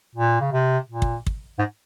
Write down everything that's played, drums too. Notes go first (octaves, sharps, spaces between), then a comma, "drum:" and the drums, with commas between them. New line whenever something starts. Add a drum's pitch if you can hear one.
A#2
C#3
C3
A#2
drum: kick
drum: kick
G#2